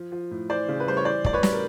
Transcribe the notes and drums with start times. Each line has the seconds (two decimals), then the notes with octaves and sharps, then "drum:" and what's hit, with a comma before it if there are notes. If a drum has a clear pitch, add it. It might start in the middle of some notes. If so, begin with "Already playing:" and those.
Already playing: F3
0.12 F3
0.31 A2
0.49 E3 C5 D5
0.68 C#3
0.80 B4
0.87 G3 C5
0.97 C#5
1.05 E3 C5 D5
1.25 A2 D5, drum: kick
1.33 B4 C#5
1.43 G3, drum: snare
1.52 A#4